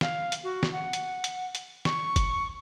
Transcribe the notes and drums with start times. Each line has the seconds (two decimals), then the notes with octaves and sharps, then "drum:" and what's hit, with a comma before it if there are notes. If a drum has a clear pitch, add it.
0.01 F5, drum: snare
0.32 drum: hi-hat
0.43 F#4
0.63 drum: snare
0.72 F#5
0.93 drum: hi-hat
1.24 drum: hi-hat
1.55 drum: hi-hat
1.85 C#6, drum: snare
2.16 drum: kick, hi-hat